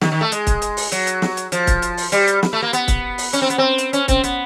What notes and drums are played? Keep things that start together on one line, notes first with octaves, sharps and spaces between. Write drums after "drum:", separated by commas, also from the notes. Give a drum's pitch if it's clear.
D#3, drum: snare
D#3
A3
G#3, drum: hi-hat
drum: kick, hi-hat
drum: hi-hat
drum: open hi-hat
F#3, drum: hi-hat
drum: hi-hat
drum: snare
drum: hi-hat
F3, drum: hi-hat
drum: kick, hi-hat
drum: hi-hat
drum: open hi-hat
G3, drum: hi-hat
drum: hi-hat
drum: snare
A3
A#3
B3, drum: hi-hat
drum: kick, hi-hat
drum: open hi-hat
C#4, drum: hi-hat
C4
B3, drum: hi-hat
C4
drum: hi-hat
C#4, drum: hi-hat
C4, drum: kick, hi-hat
B3, drum: hi-hat